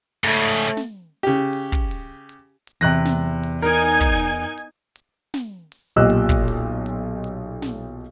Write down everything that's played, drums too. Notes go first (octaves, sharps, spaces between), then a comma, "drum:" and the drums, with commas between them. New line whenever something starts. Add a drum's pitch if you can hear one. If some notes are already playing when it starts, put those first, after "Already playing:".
G#2 C#3 A3
drum: snare
C#3 G4
drum: hi-hat
drum: kick
drum: open hi-hat
drum: hi-hat
drum: hi-hat
E2 C3 F#6 A#6
drum: snare
drum: open hi-hat
D#4 A#4 G#5
drum: hi-hat
drum: kick
drum: open hi-hat
drum: hi-hat
drum: hi-hat
drum: snare
drum: open hi-hat
B1 A#2 G4 D#5 E6 F#6
drum: hi-hat
drum: kick
drum: open hi-hat
drum: hi-hat
drum: hi-hat
drum: snare